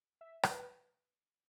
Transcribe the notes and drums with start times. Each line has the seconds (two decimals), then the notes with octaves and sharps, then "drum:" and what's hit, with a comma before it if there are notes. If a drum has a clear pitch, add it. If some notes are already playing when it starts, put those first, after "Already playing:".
0.21 E5
0.43 C#5, drum: rim click
0.51 B4